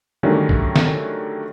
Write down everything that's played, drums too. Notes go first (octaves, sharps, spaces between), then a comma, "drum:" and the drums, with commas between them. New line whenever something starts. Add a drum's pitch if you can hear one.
D3 D#3 F#3 G3 A3 C#4
drum: kick A#1
drum: snare